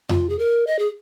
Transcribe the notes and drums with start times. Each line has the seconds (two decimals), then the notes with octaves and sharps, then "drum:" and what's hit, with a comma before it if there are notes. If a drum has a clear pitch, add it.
0.09 F4, drum: tom F2
0.29 G#4
0.39 A#4
0.67 D#5
0.79 G#4